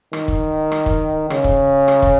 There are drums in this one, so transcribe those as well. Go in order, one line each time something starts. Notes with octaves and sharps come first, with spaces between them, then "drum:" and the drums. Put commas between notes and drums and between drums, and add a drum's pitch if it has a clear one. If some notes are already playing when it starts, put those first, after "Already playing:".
D#3, drum: rim click
drum: kick
drum: rim click
drum: kick
C#3, drum: rim click
drum: kick
drum: rim click
drum: kick